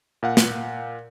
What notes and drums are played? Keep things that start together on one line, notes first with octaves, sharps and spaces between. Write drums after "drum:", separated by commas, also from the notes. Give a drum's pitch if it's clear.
A#2 F5 F#5
drum: snare